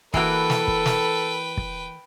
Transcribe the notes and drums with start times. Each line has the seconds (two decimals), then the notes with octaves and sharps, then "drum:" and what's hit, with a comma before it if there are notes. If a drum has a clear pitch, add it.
0.14 E3 A#3 F#4 A4 B4 G5, drum: kick
0.50 drum: snare
0.68 drum: kick
0.86 drum: snare
1.57 drum: kick